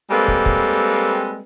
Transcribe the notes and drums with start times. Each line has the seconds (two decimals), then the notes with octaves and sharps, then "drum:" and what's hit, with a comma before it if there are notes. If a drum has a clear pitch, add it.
0.10 G3 G#3 A#3 C4 A4 B4
0.28 drum: kick
0.46 drum: kick